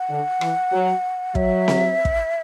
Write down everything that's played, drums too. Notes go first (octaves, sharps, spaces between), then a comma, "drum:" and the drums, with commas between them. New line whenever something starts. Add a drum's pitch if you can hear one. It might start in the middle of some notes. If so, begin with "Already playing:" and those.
Already playing: F#5
D3
E3, drum: rim click
F#3
F#3 E5, drum: kick
drum: snare C4
drum: kick